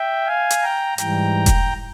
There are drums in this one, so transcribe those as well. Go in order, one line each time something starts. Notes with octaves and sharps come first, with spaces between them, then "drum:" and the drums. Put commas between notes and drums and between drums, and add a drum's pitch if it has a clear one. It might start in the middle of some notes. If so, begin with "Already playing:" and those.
Already playing: E5 G5
F5 G#5
drum: hi-hat
G5 A#5
G#2 E3 G3 G5 A#5, drum: hi-hat
drum: kick E1, hi-hat